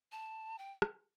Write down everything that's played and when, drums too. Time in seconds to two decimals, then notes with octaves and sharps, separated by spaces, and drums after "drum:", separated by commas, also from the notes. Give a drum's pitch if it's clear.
0.12 A5
0.59 G5
0.82 drum: rim click